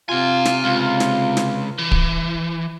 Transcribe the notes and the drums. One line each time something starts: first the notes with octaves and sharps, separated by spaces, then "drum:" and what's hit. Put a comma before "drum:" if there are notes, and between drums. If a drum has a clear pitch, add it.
C3 F4 F#5 G#5
drum: snare
C#2
drum: snare
drum: snare
E3
drum: kick